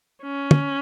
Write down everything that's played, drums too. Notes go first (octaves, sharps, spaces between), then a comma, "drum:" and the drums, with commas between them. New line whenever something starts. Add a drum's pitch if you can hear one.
C#4
drum: tom